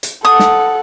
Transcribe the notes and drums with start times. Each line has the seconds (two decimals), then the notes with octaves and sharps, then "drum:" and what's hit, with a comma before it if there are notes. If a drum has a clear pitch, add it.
0.03 drum: hi-hat
0.25 A4 F#5 D#6
0.39 drum: snare